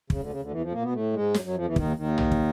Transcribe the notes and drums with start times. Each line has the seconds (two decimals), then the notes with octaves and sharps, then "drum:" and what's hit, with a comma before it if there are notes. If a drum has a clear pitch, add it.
0.10 C#3, drum: kick
0.20 D2 D3
0.30 C#3
0.41 D2 D3
0.51 E2 E3
0.62 F2 F3
0.72 A#2 A#3
0.82 B2 B3
0.93 A2 A3
1.13 G#2 G#3
1.34 F#2 F#3, drum: snare
1.44 F#2 F#3
1.55 F2 F3
1.65 E2 E3
1.76 D#2 D#3, drum: kick
1.97 D#2 D#3
2.18 drum: tom
2.32 drum: kick